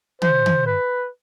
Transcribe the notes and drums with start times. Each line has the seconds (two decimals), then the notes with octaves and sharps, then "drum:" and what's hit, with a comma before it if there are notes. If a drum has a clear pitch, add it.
0.22 C5, drum: tom
0.46 drum: tom
0.67 B4